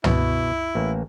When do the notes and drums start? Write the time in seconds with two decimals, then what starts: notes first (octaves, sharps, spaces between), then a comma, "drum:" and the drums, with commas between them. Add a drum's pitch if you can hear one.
0.04 B2 E4, drum: tom
0.75 A1 A#3